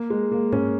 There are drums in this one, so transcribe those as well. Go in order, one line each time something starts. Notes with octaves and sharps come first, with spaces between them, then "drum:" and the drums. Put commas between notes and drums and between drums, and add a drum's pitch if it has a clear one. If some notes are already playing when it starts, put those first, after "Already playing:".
Already playing: A#3
G#3
A#3
C#4, drum: tom G2